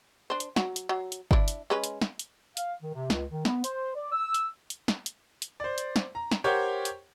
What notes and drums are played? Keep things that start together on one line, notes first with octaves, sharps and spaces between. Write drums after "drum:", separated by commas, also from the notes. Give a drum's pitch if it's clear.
D4 C5
drum: hi-hat
F#3, drum: snare
drum: hi-hat
F#3
drum: hi-hat
D4 E4, drum: kick G1
drum: hi-hat
G#3 C#4 B4
drum: hi-hat
drum: snare
drum: hi-hat
F5, drum: hi-hat
D#3
C3
C#2, drum: snare
D#3
B3, drum: snare
C5, drum: hi-hat
D5
E6
drum: hi-hat
drum: hi-hat
drum: snare
drum: hi-hat
drum: hi-hat
C5 D5
drum: hi-hat
drum: snare
A#5
drum: snare
G4 A#4 C5 C#5 F#5 G5
drum: hi-hat